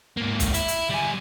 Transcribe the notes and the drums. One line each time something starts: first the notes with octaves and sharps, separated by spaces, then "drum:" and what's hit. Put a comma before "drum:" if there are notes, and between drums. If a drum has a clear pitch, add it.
G#2 A#3
drum: kick, hi-hat
E4, drum: hi-hat
drum: hi-hat
G3 G#5